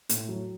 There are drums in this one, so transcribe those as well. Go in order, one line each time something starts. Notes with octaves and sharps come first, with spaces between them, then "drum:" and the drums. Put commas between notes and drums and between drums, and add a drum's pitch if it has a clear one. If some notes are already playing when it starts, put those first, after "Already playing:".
A2, drum: hi-hat
F#3